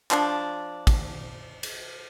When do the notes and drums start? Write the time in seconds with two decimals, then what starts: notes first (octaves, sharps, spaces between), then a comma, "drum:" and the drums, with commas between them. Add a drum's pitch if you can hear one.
0.11 F3 D4, drum: clap
0.87 drum: kick, cymbal
1.63 drum: cymbal